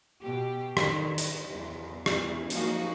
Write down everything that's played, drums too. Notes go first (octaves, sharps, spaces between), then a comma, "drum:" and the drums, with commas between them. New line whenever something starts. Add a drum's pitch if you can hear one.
B2 G4
D3 D#3, drum: rim click
drum: hi-hat
E2
drum: rim click
F3 G#3 A#3 D#4 F#4, drum: hi-hat